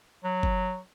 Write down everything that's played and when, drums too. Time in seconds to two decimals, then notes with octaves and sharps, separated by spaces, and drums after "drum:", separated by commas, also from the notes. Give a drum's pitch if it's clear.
0.24 F#3
0.43 drum: kick F#1